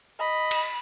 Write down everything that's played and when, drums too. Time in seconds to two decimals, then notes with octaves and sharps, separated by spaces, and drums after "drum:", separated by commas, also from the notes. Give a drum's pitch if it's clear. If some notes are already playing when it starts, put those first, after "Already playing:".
0.20 D#5 B5
0.51 drum: cymbal